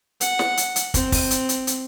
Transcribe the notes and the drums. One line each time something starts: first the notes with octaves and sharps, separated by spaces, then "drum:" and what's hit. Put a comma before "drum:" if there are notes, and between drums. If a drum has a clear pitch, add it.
F#5, drum: hi-hat
drum: snare
drum: hi-hat
drum: hi-hat
C4, drum: kick, hi-hat
drum: kick, open hi-hat
drum: hi-hat
drum: hi-hat
drum: hi-hat